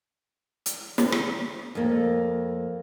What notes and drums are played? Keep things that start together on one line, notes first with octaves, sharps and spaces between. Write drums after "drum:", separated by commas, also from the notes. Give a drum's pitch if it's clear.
drum: hi-hat
drum: snare
drum: rim click
F2 A#3